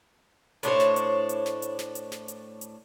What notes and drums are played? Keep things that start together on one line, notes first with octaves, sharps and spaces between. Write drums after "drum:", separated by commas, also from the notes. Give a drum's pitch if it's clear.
A2 D4 C5 C#5, drum: hi-hat
drum: snare
drum: hi-hat
drum: hi-hat
drum: snare
drum: hi-hat
drum: snare
drum: hi-hat
drum: snare
drum: hi-hat
drum: hi-hat